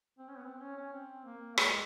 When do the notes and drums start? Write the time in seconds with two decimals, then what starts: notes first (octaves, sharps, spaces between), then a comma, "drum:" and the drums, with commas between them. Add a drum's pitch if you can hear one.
0.18 C4
0.29 C#4
0.37 B3
0.45 C4
0.61 C#4
0.77 C#4
0.93 C4
1.25 A#3
1.58 G#3, drum: rim click